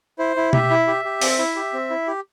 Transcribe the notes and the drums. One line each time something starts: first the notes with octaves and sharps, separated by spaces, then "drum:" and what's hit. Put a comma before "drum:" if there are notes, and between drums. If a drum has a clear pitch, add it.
E4 C5
E4
G4 E5, drum: tom B2
E4
G4
G4
C4, drum: open hi-hat
E4
G4
C4
E4
G4